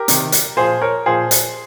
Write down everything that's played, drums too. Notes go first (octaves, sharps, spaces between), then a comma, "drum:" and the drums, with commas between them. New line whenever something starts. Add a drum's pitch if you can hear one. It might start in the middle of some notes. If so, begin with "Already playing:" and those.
Already playing: G4 A#4
C3 D#3, drum: hi-hat
drum: hi-hat
A#2 F3 G#4 C5
A#4 C#5
A#2 F3 G#4 C5
drum: hi-hat